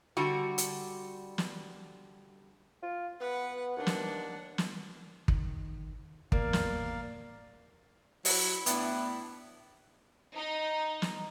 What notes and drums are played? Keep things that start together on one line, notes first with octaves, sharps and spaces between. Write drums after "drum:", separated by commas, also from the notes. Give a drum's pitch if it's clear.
D3 G3 F#4
drum: hi-hat
drum: snare
F4
B3 B4 F#5
D#2 D4 F#5
drum: snare
drum: snare
D#3, drum: kick
D1 E2 A#3 A#4 D5 F5, drum: kick
drum: snare
F#3 E4, drum: open hi-hat
A2 B3 D4, drum: hi-hat
D#4
drum: snare